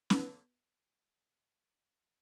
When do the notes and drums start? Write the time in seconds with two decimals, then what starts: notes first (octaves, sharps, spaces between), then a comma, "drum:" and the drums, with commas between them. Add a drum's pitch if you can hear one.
0.10 B3, drum: snare C#4